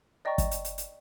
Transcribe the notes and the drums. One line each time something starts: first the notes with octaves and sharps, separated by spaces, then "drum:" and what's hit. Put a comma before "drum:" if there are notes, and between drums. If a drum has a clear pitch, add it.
D5 D#5 G5 A#5 C#6
drum: kick G1, hi-hat
drum: hi-hat
drum: hi-hat
drum: hi-hat